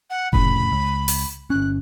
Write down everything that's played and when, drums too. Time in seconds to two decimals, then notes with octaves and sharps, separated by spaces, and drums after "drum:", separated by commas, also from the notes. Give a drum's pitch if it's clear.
0.10 F#5
0.33 F1 A2 C#3 B5, drum: kick F1
0.72 C#2
1.08 drum: open hi-hat
1.50 G1 C#4 F#6